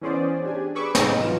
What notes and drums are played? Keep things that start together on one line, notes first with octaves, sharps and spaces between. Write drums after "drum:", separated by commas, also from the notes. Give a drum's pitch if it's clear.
E3 B3 C#4 G#4 C5 D5
D4 G4 G#5
G#4 B4 B5 C#6 D6 E6
B3 D#4 D#5 A#5, drum: snare
B2 E3 F#3 F4 E7